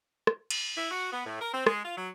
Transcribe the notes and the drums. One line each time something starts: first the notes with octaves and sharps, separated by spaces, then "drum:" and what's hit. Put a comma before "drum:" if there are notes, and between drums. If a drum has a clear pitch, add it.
drum: rim click
drum: cymbal
E4
F#4
B3
A2
A#4
C4
G#3, drum: rim click
F4
F#3